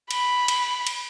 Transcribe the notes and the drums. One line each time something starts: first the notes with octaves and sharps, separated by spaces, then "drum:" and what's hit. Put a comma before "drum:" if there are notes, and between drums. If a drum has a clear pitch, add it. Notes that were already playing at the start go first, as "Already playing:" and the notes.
B5, drum: cymbal
drum: cymbal
drum: cymbal